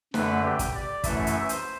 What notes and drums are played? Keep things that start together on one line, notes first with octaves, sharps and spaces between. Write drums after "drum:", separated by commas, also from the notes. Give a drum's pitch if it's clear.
F#2 D3 A3 B4, drum: snare
G4
drum: kick, hi-hat
D5
F#2 E3 A3 E4 E5, drum: kick, hi-hat
drum: hi-hat
C5, drum: hi-hat